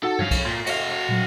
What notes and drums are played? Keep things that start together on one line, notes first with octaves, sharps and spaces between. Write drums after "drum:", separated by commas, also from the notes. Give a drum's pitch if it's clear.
D#4 F#4 A4 F#5
G2 F3 C#5 F5
drum: kick C2, cymbal
A#2 C6
F#4 F5, drum: cymbal
A#2 F#3